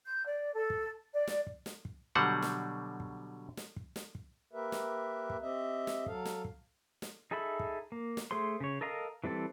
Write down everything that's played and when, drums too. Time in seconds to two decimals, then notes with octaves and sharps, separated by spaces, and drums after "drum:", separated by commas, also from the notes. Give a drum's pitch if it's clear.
0.05 G6
0.26 D5
0.54 A4
0.70 drum: kick
1.14 D5
1.27 drum: snare
1.47 drum: kick
1.66 drum: snare
1.85 drum: kick
2.15 B2 D3 F#3 G3 C5 F#5
2.42 drum: snare
3.00 drum: kick
3.57 drum: snare
3.76 drum: kick
3.96 drum: snare
4.15 drum: kick
4.53 A#3 G4 A#4 B4 E5
4.72 drum: snare
5.30 drum: kick
5.42 C4 G4 D#5 E5
5.87 drum: snare
6.06 F#3 A4 F5, drum: kick
6.25 drum: snare
6.45 drum: kick
7.02 drum: snare
7.31 D#4 G#4 A4 E5 B5
7.60 drum: kick
7.92 A#3
8.17 drum: snare
8.31 A3 G#4 C5 C6
8.60 C#3 C#5
8.81 A4 A#4 D#5 F5 A#5
9.24 E3 G3 C4 A4